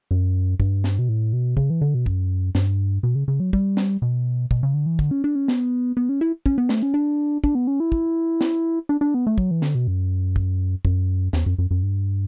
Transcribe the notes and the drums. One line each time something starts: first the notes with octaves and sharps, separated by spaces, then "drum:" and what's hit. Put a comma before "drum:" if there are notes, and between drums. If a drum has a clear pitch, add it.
F#2
G2, drum: kick
drum: snare
B2
A2
B2
C#3, drum: kick
E3
D3
B2
F#2, drum: kick
G2, drum: snare
B2
C#3
C#3
F#3
G3, drum: kick
drum: snare
B2
B2, drum: kick
C#3
D3
E3
D3, drum: kick
C#4
D4
C#4
B3, drum: snare
B3
C#4
E4
C#4, drum: kick
B3
A3, drum: snare
C#4
D4
D4, drum: kick
B3
C#4
E4
drum: kick
drum: snare
D4
D4
B3
A3
F#3, drum: kick
E3
D3, drum: snare
B2
F#2
drum: kick
F#2, drum: kick
E2, drum: snare
F#2
F#2
F#2
G2